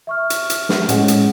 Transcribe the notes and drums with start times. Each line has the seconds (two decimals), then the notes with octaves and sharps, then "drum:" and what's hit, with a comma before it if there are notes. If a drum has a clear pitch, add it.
0.07 E5 C#6 F6
0.30 drum: hi-hat
0.50 drum: hi-hat
0.69 drum: snare
0.89 A2 G#3 C#4 G#4 F#5, drum: hi-hat
1.08 drum: hi-hat